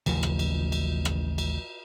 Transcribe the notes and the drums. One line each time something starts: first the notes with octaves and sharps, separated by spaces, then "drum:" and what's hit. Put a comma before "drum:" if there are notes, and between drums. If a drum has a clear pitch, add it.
A1 D#2 C#3 F3, drum: cymbal
drum: rim click
drum: cymbal
drum: cymbal
drum: rim click
drum: cymbal